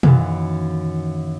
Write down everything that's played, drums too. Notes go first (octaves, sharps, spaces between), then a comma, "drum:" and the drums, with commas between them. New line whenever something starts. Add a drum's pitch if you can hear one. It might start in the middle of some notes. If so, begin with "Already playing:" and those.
F#2 A#2 D#3 E3, drum: tom B2